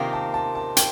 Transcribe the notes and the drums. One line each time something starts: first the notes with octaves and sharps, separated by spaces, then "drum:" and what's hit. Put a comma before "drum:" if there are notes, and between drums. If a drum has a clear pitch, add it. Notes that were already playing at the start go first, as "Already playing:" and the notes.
Already playing: C3 D#3 A#3 F4 G5
A5
A5
A5
G5, drum: hi-hat